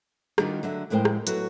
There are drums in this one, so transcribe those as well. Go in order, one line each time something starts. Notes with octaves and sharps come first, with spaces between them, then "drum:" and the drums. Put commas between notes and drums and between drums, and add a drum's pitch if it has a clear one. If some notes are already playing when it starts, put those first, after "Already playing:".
D#3 G3 D4 D#4 F4 F#4, drum: rim click
D3 F#3 D4 E5
F2 A2 G#3 A#4 C5 G5
drum: rim click
F#3 B3 E4 F#4 A4, drum: hi-hat